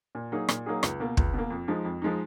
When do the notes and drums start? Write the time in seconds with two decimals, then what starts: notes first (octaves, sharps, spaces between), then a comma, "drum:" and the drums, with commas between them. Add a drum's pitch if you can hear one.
0.15 A#2
0.32 F#3 A#3 D#4 G#4
0.49 A#2, drum: rim click
0.66 F#3 A#3 D#4 G#4
0.83 C#2, drum: rim click
1.00 B2 A#3
1.17 C#2, drum: kick
1.34 B2 A#3
1.50 F2
1.68 F3 G#3 D#4
1.85 F2
2.02 F3 G#3 D#4